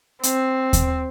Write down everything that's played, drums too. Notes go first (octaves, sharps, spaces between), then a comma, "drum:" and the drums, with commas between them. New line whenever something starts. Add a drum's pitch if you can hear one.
C4, drum: hi-hat
drum: kick D#2, hi-hat